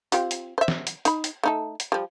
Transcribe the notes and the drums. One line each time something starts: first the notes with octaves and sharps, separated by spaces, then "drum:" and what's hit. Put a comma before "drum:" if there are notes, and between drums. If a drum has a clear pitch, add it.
C4 F4 G4, drum: hi-hat
drum: hi-hat
C5 E5
drum: snare
drum: hi-hat
D#4 B5, drum: hi-hat
drum: hi-hat
A3 D#4 A4
drum: hi-hat
F3 G3